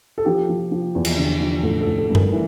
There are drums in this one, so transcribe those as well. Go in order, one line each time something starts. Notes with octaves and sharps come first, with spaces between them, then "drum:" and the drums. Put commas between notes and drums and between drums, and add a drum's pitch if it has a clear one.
A4
F3 G4
F3
F3
E2
drum: cymbal
D3
F3
A1 A4
A4
A1
A4
G2
A#4, drum: tom G2
E3